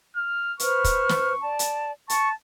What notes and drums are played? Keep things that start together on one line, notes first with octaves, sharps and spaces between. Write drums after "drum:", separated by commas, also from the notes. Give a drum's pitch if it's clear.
F6
B4 C5 C#6 F6, drum: hi-hat
drum: kick, hi-hat
drum: snare
D5 A5
drum: hi-hat
A5 C#6, drum: hi-hat